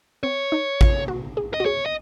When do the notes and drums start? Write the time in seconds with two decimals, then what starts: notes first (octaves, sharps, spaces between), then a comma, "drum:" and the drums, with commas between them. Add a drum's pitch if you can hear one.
0.23 C4 C#5
0.52 D#4
0.81 F4, drum: kick A1
1.08 F#4
1.37 G#4
1.54 D#5
1.60 F#4
1.65 G#4 C#5
1.86 D#5